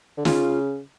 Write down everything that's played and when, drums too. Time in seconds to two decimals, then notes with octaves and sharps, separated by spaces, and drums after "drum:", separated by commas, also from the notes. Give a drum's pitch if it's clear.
0.17 D3
0.25 C#3 F4, drum: snare